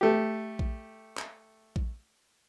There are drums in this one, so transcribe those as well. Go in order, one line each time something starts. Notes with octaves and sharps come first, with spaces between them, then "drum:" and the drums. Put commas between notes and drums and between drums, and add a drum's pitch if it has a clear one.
A3 G4
drum: kick A#1
drum: clap
drum: kick A#1